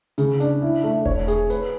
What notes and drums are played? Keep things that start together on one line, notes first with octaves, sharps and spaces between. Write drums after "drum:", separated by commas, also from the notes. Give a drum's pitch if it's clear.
C#3, drum: hi-hat
D4, drum: hi-hat
E4
A3
C#5, drum: kick E1
G#4, drum: hi-hat
B4, drum: hi-hat